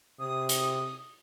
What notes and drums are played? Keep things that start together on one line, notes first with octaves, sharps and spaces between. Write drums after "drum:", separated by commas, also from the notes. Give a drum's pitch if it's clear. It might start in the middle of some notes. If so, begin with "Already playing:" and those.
C3 D#6
drum: hi-hat